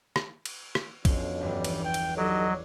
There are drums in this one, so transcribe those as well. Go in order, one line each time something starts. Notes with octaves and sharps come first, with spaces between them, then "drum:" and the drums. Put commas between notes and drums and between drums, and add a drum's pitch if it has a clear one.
drum: rim click
drum: cymbal
drum: rim click
F2 B2 D3 C#4, drum: kick, cymbal
G1 E2 G3
drum: cymbal
G5
drum: cymbal
F#3 D#4 G4 A4 D5 D#5 E6